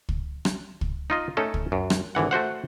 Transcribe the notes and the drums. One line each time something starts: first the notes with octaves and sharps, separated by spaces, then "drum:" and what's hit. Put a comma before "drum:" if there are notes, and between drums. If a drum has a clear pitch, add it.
drum: kick
drum: rim click
drum: kick
D#4 F4 D#5
A3 C#4 D#4 A4
drum: kick
F#2
drum: rim click
G#1 D3 E3 F#5
A3 F#4 C5 F#5